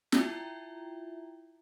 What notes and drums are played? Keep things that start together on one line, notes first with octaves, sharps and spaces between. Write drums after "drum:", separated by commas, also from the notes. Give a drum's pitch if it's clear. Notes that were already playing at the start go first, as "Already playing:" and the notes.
E4 F4 E5 G5 A#5, drum: snare